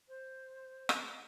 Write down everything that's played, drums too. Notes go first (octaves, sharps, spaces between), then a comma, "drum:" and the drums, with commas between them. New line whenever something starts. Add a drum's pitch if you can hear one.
C5
drum: rim click